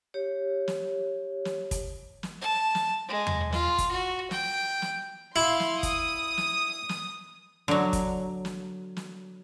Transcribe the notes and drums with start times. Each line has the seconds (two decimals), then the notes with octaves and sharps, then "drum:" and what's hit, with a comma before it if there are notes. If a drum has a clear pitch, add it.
0.14 G4 C#5
0.68 drum: snare
1.45 drum: snare
1.71 drum: kick, hi-hat
2.23 drum: snare
2.41 A5
2.75 drum: snare
3.09 G#3
3.27 drum: tom E2
3.53 F4, drum: snare
3.78 drum: kick, hi-hat
3.91 F#4
4.31 G5, drum: snare
4.82 drum: snare
5.36 E4 F5 C6
5.60 drum: snare
5.83 D#6, drum: kick, hi-hat
6.37 drum: snare
6.89 drum: snare
7.68 D3 F#3, drum: snare
7.93 drum: kick, hi-hat
8.45 drum: snare
8.97 drum: snare